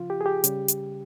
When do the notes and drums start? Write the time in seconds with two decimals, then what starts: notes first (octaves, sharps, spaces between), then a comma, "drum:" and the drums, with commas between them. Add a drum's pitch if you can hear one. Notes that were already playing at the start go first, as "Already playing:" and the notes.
Already playing: C#3 F3 F4
0.10 G4
0.21 G#4
0.26 G4
0.44 C#3 G3, drum: hi-hat
0.68 drum: hi-hat